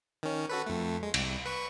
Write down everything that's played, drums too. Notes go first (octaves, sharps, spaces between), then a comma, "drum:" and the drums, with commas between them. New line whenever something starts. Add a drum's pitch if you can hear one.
D#3 C#4
F#4 A4 B4
F2 A3
G#3
C2, drum: cymbal
B4 C#6